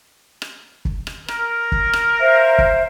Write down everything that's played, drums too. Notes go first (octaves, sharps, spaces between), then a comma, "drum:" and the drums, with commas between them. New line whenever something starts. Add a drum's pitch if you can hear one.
drum: rim click
drum: kick
drum: rim click
A#4, drum: rim click
drum: kick
drum: rim click
C5 E5 F5
drum: kick